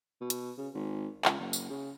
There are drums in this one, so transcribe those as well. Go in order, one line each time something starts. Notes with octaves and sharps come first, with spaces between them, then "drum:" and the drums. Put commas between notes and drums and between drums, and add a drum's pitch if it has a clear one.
B2
drum: hi-hat
C#3
G#1
C#2, drum: clap
F#1
drum: tambourine
C#3